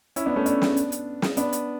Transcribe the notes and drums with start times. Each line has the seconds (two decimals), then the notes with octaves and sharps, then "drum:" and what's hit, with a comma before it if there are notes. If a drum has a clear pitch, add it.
0.16 C#4 E4, drum: hi-hat
0.26 B3 D4
0.36 A3 C#4
0.46 B3 D4, drum: hi-hat
0.62 drum: snare
0.77 drum: hi-hat
0.92 drum: hi-hat
1.22 drum: snare
1.37 B3 D4, drum: hi-hat
1.53 drum: hi-hat